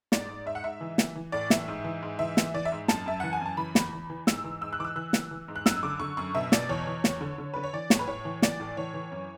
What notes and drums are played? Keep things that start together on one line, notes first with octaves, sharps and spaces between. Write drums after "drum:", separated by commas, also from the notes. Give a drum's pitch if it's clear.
G#2 D5, drum: snare
G#2
G#2 E5
F#5
G#2 E5
E3
E3, drum: snare
E3
A2 D5
E3 E5, drum: snare
G#2
E3
G#2
E3 E5
E3, drum: snare
E3 D5
E5
G#2
F#2 A5, drum: snare
F#2 E5
E3 F#5
G#5
F#2 A5
E3 B5
E2, drum: snare
E2
E3
G#2 E6, drum: snare
E3
G#2 E6
F#6
E3 D6
E6
E3 F#6
E3, drum: snare
E3
G#2
F#6
F#2 E6, drum: snare
D3 D6
D3 C#6
F#2 C#6
B2 E5
B2 D5, drum: snare
E2 C#5
E2
E2, drum: snare
D3
D3
D3 B4
C#5
E3 D5
A2 C#5, drum: snare
B4
A2 C#5
E3
E3 D5, drum: snare
A2
E3 C#5
E3
F#2